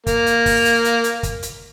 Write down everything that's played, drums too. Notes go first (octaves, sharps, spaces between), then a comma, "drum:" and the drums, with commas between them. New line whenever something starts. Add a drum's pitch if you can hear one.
A#3, drum: kick, hi-hat
drum: hi-hat
drum: kick, open hi-hat
drum: hi-hat
drum: hi-hat
drum: hi-hat
drum: kick, hi-hat
drum: hi-hat